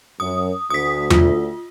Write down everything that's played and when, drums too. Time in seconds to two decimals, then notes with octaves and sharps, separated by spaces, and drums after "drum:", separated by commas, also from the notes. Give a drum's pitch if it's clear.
0.20 F#2 D#6
0.70 D2 D#6 B6
1.10 F4, drum: tom E2